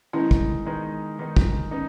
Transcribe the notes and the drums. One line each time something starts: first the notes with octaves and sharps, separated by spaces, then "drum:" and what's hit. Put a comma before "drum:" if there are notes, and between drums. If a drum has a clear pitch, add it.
D#3 G#3 B3 C#4 D#4 E4
drum: kick
D#3 G#3 B3 D#4
D#3 G#3 B3 D#4
drum: kick
B3 C#4 D#4